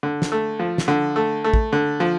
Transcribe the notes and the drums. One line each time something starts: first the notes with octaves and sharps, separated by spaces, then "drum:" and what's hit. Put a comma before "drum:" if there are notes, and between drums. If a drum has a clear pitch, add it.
D3
drum: snare
A3
F3
drum: snare
D3
A3
A3
drum: kick
D3
F3